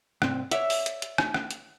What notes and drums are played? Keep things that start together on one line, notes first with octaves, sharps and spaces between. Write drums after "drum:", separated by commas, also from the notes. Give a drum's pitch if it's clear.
C2 G#2 C4, drum: rim click
C#5 D5 E5 F#5, drum: hi-hat
drum: open hi-hat
drum: hi-hat
drum: hi-hat
drum: rim click
drum: rim click
drum: hi-hat